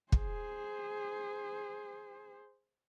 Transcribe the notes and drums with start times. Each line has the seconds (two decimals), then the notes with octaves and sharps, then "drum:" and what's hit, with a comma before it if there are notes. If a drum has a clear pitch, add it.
0.12 G#4 C5, drum: kick